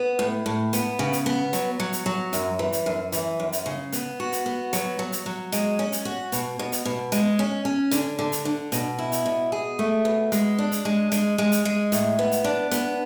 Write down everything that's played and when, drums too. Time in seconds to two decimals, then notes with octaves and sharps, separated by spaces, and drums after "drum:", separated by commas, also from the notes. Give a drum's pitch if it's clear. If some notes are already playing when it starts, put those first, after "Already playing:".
Already playing: B3
0.19 A2
0.46 A2
0.73 B3, drum: hi-hat
0.99 C#3
1.13 drum: hi-hat
1.26 B3
1.53 F#3, drum: hi-hat
1.80 F#3
1.93 drum: hi-hat
2.06 F#3
2.33 F#2, drum: hi-hat
2.59 E3
2.73 drum: hi-hat
2.86 F#2
3.12 E3, drum: hi-hat
3.40 F#2
3.52 drum: hi-hat
3.66 C#3
3.92 B3, drum: hi-hat
4.20 F#4
4.32 drum: hi-hat
4.46 B3
4.73 F#3, drum: hi-hat
4.99 F#3
5.12 drum: hi-hat
5.26 F#3
5.52 G#3, drum: hi-hat
5.79 C#4
5.92 drum: hi-hat
6.05 F#4
6.32 B2, drum: hi-hat
6.59 B2
6.72 drum: hi-hat
6.85 B2
7.12 G#3, drum: hi-hat
7.39 C#4
7.65 C#4
7.91 D3, drum: hi-hat
8.19 D3
8.32 drum: hi-hat
8.45 D3
8.72 B2, drum: hi-hat
8.99 E4
9.12 drum: hi-hat
9.26 B2
9.52 G#4
9.79 A3
10.05 B2
10.32 G#3, drum: hi-hat
10.59 D4
10.72 drum: hi-hat
10.85 G#3
11.12 G#3, drum: hi-hat
11.38 G#3
11.52 drum: hi-hat
11.65 G#3
11.92 A2, drum: hi-hat
12.19 B3
12.32 drum: hi-hat
12.44 D4
12.71 B3, drum: hi-hat